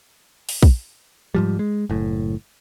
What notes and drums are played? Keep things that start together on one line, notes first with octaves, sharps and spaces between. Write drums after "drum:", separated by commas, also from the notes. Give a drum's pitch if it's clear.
drum: open hi-hat
drum: kick
G#2 F3 G3
G#3
F#1 A2